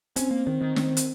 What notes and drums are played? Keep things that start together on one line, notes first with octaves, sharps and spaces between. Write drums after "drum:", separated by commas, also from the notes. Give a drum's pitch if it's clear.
C4 C#4, drum: hi-hat
A#3
D#3 C4
D#3
D#3 C4, drum: snare
drum: hi-hat